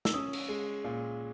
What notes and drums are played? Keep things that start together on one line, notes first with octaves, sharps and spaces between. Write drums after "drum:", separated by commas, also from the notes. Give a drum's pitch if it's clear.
E6, drum: snare
C#4 D#6
drum: cymbal
G#3
A#2